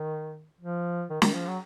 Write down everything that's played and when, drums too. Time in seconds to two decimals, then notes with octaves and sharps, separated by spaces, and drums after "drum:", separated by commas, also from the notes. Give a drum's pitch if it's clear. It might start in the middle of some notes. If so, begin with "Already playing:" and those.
Already playing: D#3
0.61 F3
1.10 D#3
1.22 D#3, drum: snare
1.34 F3
1.47 F#3